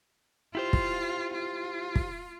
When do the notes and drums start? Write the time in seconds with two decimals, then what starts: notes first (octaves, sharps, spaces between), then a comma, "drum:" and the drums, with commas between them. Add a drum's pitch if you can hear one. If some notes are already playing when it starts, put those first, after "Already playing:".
0.55 E4 F4 G4 C5
0.73 drum: kick
1.34 F4
1.95 drum: kick